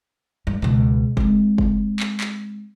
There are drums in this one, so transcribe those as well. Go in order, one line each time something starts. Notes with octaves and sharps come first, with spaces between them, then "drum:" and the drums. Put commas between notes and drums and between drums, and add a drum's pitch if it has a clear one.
G2
C#2 B2
G#3 C4, drum: kick F#1
drum: kick F#1
drum: clap
drum: clap